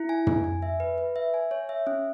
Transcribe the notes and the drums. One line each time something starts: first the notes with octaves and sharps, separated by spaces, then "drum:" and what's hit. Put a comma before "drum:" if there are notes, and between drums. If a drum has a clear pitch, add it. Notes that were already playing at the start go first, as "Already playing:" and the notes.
Already playing: E4
G#5
G#5, drum: tom
G#5
E5
B4
B4
E5
G#5
C#5
E5
C#4